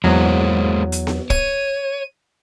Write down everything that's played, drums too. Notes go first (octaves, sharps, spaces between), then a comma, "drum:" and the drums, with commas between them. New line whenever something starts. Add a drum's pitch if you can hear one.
E2 F#3 G#3 A#3 C5
drum: hi-hat
drum: snare B3
C#5 D#7, drum: kick